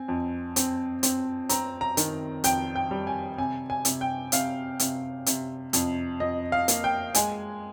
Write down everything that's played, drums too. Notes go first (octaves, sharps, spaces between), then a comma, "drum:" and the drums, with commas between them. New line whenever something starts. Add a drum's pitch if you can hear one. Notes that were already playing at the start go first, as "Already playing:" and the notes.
Already playing: C4 G#5
F2
C4, drum: hi-hat
C4, drum: hi-hat
C4 A#5, drum: hi-hat
A#5
D#3, drum: hi-hat
F2 G5, drum: hi-hat
G5
G3
G#5
C3 G#5
G#5
C3, drum: hi-hat
G5
C3 F5, drum: hi-hat
C3, drum: hi-hat
C3, drum: hi-hat
F2, drum: hi-hat
F2 D#5
F5
A#3, drum: hi-hat
G5
G#3 G#5, drum: hi-hat